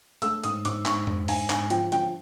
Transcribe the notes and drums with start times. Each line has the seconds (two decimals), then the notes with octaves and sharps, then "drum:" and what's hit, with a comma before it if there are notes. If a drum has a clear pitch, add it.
0.22 A3 E6, drum: hi-hat
0.44 G#2 D#6, drum: hi-hat
0.65 G#2 D6, drum: hi-hat
0.85 G#2 C#6, drum: clap
1.07 G#2, drum: tom F2
1.28 G#2 G#5, drum: open hi-hat
1.50 G#2 G#5, drum: clap
1.70 F3 G5, drum: hi-hat
1.92 F3 G5, drum: hi-hat